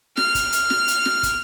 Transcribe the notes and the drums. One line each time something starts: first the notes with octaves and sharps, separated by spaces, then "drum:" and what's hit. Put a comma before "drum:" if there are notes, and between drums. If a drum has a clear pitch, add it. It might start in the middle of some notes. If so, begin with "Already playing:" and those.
F6, drum: snare
drum: kick, hi-hat
drum: hi-hat
drum: snare
drum: hi-hat
drum: snare
drum: kick, hi-hat